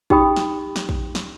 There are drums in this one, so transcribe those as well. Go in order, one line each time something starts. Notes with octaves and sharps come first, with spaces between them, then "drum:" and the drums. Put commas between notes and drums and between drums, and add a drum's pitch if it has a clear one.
D#4 G4 G5 B5 D#6, drum: kick
drum: snare
drum: snare
drum: kick
drum: snare